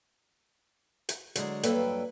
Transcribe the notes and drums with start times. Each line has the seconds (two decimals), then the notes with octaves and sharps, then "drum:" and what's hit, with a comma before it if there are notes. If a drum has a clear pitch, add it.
1.09 drum: hi-hat
1.35 D3 F#3 G#3, drum: hi-hat
1.63 G2 F#3 A#3 A4 B4 G5, drum: hi-hat